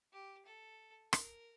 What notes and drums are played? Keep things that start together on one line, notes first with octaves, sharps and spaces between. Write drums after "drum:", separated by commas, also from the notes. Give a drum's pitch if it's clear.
G4
A4
A#4, drum: rim click